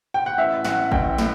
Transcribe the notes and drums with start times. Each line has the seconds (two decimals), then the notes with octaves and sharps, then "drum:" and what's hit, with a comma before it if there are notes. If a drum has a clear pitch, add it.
0.14 G5
0.26 F#5
0.38 A1 E5
0.65 A1 F#5, drum: snare
0.92 A1 G5, drum: kick G#1
1.18 A2, drum: snare